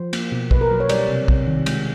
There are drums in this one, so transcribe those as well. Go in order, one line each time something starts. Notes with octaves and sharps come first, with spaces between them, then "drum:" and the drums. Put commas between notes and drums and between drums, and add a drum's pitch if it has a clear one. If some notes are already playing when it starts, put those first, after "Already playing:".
Already playing: F3 C5
A#3, drum: cymbal
B2
B2 B4, drum: kick
A#4
F#3 B4
C#5
G3 D5, drum: cymbal
C3
C3, drum: kick
D#3
G#3, drum: cymbal